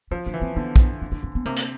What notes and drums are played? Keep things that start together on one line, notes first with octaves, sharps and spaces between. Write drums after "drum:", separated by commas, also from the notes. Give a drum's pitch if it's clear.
F3 C#4
D4
E3
C4
D3 B3
drum: kick
C4
D4
C4
B3
C3 A#3
drum: hi-hat